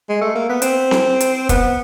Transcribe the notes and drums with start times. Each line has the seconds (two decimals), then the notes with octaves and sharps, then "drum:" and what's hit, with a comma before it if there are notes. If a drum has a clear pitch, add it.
0.09 G#3
0.22 A3
0.35 A#3
0.49 B3
0.62 C4, drum: hi-hat
0.91 drum: snare C4
1.20 drum: hi-hat
1.49 B3, drum: kick, hi-hat